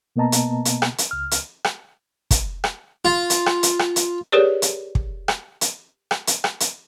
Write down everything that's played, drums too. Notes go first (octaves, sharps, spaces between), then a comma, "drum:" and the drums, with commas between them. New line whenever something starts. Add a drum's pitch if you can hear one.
B2 A#3 B3 D#5 A5 A#5
drum: hi-hat
drum: hi-hat
drum: rim click
drum: hi-hat
C#2 F6
drum: hi-hat
drum: rim click
drum: kick, hi-hat
drum: rim click
F4
drum: hi-hat
drum: rim click
drum: hi-hat
drum: rim click
drum: hi-hat
G4 G#4 A#4 B4 C#5 D5
drum: hi-hat
drum: kick
drum: rim click
drum: hi-hat
drum: rim click
drum: hi-hat
drum: rim click
drum: hi-hat